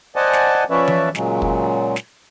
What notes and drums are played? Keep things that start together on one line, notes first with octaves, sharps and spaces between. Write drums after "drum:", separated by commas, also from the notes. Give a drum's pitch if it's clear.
C5 D5 D#5 F#5 G#5 A5
drum: snare
F3 C#4 B4 C#5 D5 E5
drum: tom E3
A#2 C#3 F#3 G#3, drum: snare
drum: kick
drum: snare